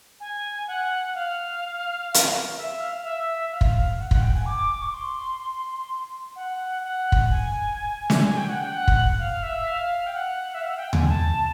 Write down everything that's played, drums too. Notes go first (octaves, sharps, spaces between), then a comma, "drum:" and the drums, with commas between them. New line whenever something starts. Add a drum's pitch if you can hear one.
G#5
F#5
F5
drum: hi-hat
E5
F5
E5
F5
drum: kick
F#5
F#5, drum: kick
G5
G#5
D6
C#6
C6
F#5
F#5
drum: kick
G#5
drum: snare
G#5
G5
F#5
G5
F#5
drum: kick
F5
E5
F5
G5
F#5
E5
F5
F#5
G5
G#5, drum: tom D#2
A5